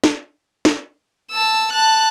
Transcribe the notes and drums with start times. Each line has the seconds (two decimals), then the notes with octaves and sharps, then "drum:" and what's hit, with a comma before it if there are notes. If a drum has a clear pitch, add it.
0.04 drum: snare
0.65 drum: snare
1.32 A5 E6
1.72 A5 F#6